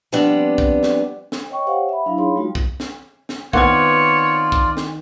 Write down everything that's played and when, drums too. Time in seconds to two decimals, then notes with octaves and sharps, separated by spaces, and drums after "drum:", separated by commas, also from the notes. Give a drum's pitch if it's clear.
0.12 F3 G3 B3 C4 D4
0.58 drum: kick
0.83 drum: snare
1.32 drum: snare
1.50 C#5 D#5 G5 C#6
1.67 G4 C5 C#5 F5 F#5
1.89 E5 B5
2.06 F#3 D4 E4 F5
2.18 D#4 G#4 C#5 F5 B5 C6
2.36 G3 A3 D#4 F4 F#4
2.55 drum: kick
2.80 drum: snare
3.29 drum: snare
3.53 D#3 B3 C4 F4 C#5 D5 F#5 G#6, drum: kick
4.52 drum: kick
4.77 drum: snare